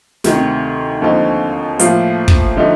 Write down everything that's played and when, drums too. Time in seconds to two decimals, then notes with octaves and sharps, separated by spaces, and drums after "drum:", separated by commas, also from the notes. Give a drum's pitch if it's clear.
0.24 D2 C3 D#3, drum: snare
1.01 D#2 D3 F3 C4 D#4
1.79 A2 F3 A#3 F4, drum: hi-hat
2.28 drum: kick
2.57 D3 F3 A3 D#4